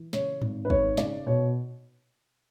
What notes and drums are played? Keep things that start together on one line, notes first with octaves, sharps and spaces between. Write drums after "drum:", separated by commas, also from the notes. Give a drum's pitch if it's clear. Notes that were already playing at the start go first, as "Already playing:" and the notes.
Already playing: E3
C#3 C#5, drum: snare
G#1, drum: tom G#2
B4
G#1 C#5, drum: kick
C#3 D5, drum: snare
B2 C#5